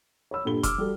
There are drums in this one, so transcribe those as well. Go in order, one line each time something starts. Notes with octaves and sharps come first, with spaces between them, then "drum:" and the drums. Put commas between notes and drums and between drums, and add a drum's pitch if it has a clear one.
C#5 B5 E6
G2 A#2 G4 A4 B5 G7
D6 E6 F6, drum: kick F1, hi-hat
G3 F#4 A4